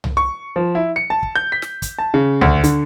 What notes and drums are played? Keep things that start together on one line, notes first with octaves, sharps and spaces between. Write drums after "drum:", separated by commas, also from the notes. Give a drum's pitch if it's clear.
drum: tom C2
C#6
F3
E4
C#7
A5
drum: kick
G6
B6
drum: snare
drum: kick, hi-hat
A5
C#3
D2, drum: tom C2
D3, drum: hi-hat